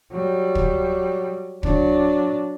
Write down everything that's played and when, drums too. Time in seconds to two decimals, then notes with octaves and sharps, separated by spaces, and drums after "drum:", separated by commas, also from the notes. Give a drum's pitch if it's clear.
0.12 F#3 G3
0.55 drum: kick
1.63 F#3 D4, drum: kick